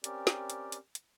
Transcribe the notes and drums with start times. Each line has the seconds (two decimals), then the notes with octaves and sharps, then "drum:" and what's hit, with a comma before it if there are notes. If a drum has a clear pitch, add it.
0.04 C4 C#4 G4 A#4 D5, drum: hi-hat
0.27 drum: snare
0.50 drum: hi-hat
0.72 drum: hi-hat
0.95 drum: hi-hat